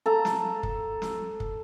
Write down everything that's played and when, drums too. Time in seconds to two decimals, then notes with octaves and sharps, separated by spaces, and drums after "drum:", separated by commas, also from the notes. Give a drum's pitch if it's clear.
0.06 A4 A#5
0.25 drum: snare
0.63 drum: kick
1.02 drum: snare
1.40 drum: kick